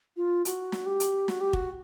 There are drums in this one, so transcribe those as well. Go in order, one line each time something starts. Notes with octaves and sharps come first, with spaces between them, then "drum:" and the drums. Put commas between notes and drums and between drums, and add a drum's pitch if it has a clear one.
F4
F#4, drum: hi-hat
drum: snare
G4
drum: hi-hat
F#4, drum: snare
G4
F#4, drum: kick